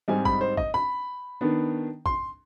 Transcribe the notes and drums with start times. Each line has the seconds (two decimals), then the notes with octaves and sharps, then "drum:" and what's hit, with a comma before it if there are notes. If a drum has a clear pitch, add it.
0.08 G#2 G3 C4 D#4 G#5
0.25 B5, drum: kick
0.41 C5
0.57 D#5, drum: kick
0.74 B5
1.41 D#3 B3 D4
2.06 C6, drum: kick